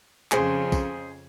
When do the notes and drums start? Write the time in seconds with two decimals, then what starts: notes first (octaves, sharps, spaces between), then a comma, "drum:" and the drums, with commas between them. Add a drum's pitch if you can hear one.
0.32 F2 C#3 G#4 C5, drum: clap
0.72 drum: kick, tambourine